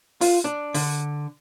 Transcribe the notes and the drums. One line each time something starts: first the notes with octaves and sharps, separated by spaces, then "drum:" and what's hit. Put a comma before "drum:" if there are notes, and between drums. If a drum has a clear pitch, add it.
F4, drum: open hi-hat
D4
D3, drum: open hi-hat